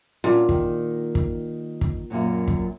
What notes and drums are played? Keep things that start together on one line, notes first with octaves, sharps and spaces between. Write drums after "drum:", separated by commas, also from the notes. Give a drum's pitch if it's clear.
A#2 C#4 D4 F#4
D#3, drum: kick
drum: kick
drum: kick
F#2 A#2 F#3
drum: kick